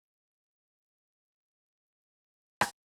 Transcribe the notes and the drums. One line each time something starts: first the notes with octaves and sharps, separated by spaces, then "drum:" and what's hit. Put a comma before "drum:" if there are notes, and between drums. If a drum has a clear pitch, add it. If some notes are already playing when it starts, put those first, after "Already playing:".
Already playing: C#5
D#4
C#4
D4
C#4 C#5 E5 G5
D#4
drum: rim click